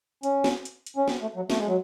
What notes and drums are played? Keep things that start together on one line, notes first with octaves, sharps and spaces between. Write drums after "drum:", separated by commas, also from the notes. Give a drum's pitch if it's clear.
C#4, drum: hi-hat
drum: snare
drum: hi-hat
drum: hi-hat
C#4
C4, drum: snare
A3
F#3
A3, drum: snare
G#3
F#3